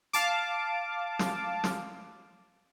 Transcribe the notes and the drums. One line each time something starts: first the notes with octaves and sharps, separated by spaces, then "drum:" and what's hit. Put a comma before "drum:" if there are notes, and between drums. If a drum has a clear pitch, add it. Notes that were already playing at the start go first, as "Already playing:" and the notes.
F5 A5 D6, drum: hi-hat
drum: snare
drum: snare